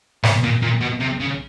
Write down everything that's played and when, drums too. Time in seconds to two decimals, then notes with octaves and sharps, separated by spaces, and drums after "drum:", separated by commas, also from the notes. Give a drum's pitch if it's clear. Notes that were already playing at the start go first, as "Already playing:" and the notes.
0.23 B2, drum: snare
0.43 A#2
0.62 A#2
0.81 B2
1.00 C3
1.20 C#3